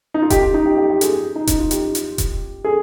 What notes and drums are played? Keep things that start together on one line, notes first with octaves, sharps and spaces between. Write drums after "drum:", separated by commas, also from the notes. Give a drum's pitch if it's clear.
D#4
F4
G4, drum: kick D#1, hi-hat
F4
D#4
G4
G4
G4
G#4, drum: hi-hat
G4
D#4
D#4, drum: kick D#1, hi-hat
F4
G4, drum: hi-hat
drum: hi-hat
drum: kick D#1, hi-hat
G#4